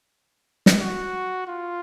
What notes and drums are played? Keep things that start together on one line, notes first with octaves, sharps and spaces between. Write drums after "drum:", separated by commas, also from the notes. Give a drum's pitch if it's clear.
drum: snare
F#4
F4